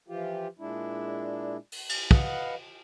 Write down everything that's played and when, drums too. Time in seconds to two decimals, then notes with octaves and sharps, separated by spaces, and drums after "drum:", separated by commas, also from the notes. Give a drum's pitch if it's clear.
0.08 E3 F3 F4 G4
0.59 A#2 G#3 D4 E4
1.72 drum: open hi-hat
1.89 drum: cymbal
2.11 B4 D#5 F5 F#5, drum: kick